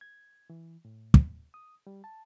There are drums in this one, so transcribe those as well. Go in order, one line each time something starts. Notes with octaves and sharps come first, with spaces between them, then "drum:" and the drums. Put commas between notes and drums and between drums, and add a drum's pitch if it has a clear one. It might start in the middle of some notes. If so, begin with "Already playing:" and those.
G#6
E3
A2
drum: kick
D#6
G3
A5